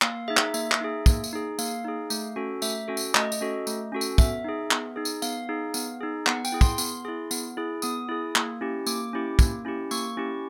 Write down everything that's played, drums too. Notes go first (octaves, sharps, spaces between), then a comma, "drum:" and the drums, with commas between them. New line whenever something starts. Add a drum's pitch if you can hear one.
A#3 F5, drum: clap
D#4 G#4 E5
drum: clap
A#3 E5, drum: tambourine
drum: clap
D#4 G#4
A#3, drum: kick, tambourine
drum: tambourine
D#4 G#4
A#3 F5, drum: tambourine
D#4 G#4
A3, drum: tambourine
C#4 F#4 A4
A3 E5, drum: tambourine
C#4 F#4 A4
drum: tambourine
A3 D#5, drum: clap
drum: tambourine
C#4 F#4 A4
A3, drum: tambourine
C#4 F#4 A4
drum: tambourine
B3 E5, drum: kick, tambourine
D#4 G#4
B3, drum: clap
D#4 G#4
drum: tambourine
B3 F5, drum: tambourine
D#4 G#4
B3, drum: tambourine
D#4 G#4
B3 F#5, drum: clap
G5, drum: tambourine
E4 G#4
C6, drum: kick, tambourine
B3, drum: tambourine
E4 G#4
B3, drum: tambourine
E4 G#4
B3 D#6, drum: tambourine
E4 G#4
A#3, drum: clap
C#4 E4 G4
A#3 D6, drum: tambourine
C#4 E4 G4
A#3, drum: kick, tambourine
C#4 E4 G4
A#3 C#6, drum: tambourine
C#4 E4 G4